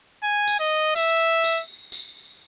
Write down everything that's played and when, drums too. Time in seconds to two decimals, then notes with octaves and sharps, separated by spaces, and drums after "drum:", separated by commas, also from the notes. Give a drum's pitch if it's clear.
0.23 G#5
0.48 drum: tambourine
0.60 D#5
0.96 E5, drum: tambourine
1.44 drum: tambourine
1.92 drum: tambourine